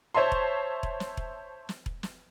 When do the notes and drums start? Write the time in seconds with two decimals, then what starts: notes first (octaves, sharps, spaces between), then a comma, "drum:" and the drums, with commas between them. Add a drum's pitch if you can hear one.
0.15 C5 C#5 E5 A5 C6
0.32 drum: kick E1
0.83 drum: kick E1
1.00 drum: snare
1.17 drum: kick E1
1.69 drum: snare
1.86 drum: kick E1
2.03 drum: snare